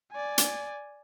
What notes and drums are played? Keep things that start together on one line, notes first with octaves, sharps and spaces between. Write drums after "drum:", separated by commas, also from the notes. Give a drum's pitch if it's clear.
D5 G#5
drum: hi-hat